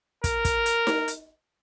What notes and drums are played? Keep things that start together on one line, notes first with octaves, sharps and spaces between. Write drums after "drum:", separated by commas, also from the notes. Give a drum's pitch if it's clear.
A#4, drum: kick, hi-hat
drum: kick, hi-hat
drum: hi-hat
drum: snare D#4
drum: hi-hat